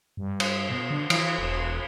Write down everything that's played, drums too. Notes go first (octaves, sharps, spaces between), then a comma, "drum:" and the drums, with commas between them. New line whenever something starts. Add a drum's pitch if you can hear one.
G2
drum: cymbal
B2
D3
E3, drum: cymbal
E1